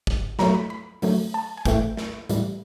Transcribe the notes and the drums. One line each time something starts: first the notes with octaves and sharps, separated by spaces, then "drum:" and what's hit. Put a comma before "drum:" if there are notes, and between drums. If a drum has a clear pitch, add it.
drum: kick
B2 F#3 A3 A#5, drum: snare
B5
B5
D3 F#3 A3, drum: open hi-hat
A5
G#5
A2 E3 A3 G5, drum: kick, hi-hat
drum: snare
A2 E3 G3, drum: hi-hat